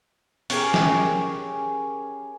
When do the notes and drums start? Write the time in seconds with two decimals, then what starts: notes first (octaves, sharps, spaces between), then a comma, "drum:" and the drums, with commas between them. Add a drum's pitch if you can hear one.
0.50 C#4 G4 G#4 A#4, drum: open hi-hat
0.74 drum: snare